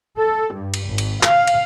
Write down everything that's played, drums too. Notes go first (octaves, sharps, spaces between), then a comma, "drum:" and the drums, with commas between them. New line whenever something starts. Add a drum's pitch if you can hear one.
A4
G2
drum: cymbal
G#1
drum: cymbal
F5, drum: clap
drum: cymbal